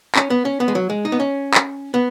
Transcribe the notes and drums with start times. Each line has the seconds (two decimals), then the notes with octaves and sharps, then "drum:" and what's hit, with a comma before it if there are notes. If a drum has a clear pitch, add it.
0.15 C#4, drum: clap
0.30 B3
0.45 C#4
0.60 B3
0.68 G#3
0.75 F#3
0.90 G#3
1.05 D#4
1.12 B3
1.20 C#4
1.54 drum: clap
1.94 B3